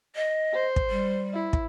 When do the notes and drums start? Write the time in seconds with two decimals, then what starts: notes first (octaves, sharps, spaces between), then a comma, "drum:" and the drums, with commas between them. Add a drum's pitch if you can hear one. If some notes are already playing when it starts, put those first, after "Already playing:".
0.16 D#5
0.53 C5
0.76 drum: kick
0.90 G3
1.34 E4
1.53 drum: kick